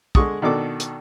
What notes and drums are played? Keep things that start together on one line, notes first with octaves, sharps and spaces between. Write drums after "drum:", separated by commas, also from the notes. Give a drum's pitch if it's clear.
D3 G#3 C#6 D#6, drum: kick
B2 D#3 D4 A4 D6
drum: hi-hat